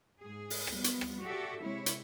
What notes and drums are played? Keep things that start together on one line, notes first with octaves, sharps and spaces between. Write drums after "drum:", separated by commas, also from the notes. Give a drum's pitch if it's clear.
G#2 G#4
drum: open hi-hat
F3 G3 B3, drum: rim click
drum: hi-hat
drum: rim click
F#4 G4 A4 D5 E5
C3 G#3 E4 C#5
drum: hi-hat